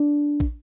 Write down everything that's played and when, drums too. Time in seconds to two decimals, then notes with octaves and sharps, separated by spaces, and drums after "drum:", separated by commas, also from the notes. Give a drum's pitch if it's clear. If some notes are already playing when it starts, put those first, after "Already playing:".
Already playing: D4
0.40 drum: kick